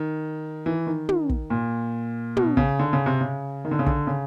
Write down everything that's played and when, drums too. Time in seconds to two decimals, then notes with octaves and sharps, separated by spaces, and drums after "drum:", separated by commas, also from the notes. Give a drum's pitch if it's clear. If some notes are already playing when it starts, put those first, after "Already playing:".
Already playing: D#3
0.66 E3
0.87 D#3
1.09 D#3, drum: tom
1.29 drum: kick
1.50 A#2
2.37 B2, drum: tom
2.57 C#3, drum: kick
2.79 D3
2.93 C#3
3.06 C3
3.21 C#3
3.65 D#3
3.71 D3
3.79 C#3
3.86 D3, drum: kick
4.07 C#3